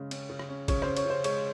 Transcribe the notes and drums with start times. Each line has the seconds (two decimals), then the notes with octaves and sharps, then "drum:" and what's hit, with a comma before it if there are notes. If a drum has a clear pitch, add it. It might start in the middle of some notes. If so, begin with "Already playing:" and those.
Already playing: C#3 G#3 C#4
0.11 C#4, drum: cymbal
0.29 C#3
0.39 drum: rim click
0.49 C#4
0.68 C#3 C#5, drum: kick, cymbal
0.82 C#4 C5, drum: rim click
0.97 C#5, drum: cymbal
1.06 C#3 C5
1.24 G#3 C#5, drum: cymbal